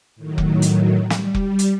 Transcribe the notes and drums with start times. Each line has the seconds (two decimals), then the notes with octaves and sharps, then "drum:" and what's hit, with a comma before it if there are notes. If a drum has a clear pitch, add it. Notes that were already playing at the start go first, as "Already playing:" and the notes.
0.16 A2 D#3 F#3
0.38 drum: kick F1
0.62 drum: hi-hat
1.10 G3, drum: snare
1.35 drum: kick F1
1.59 drum: hi-hat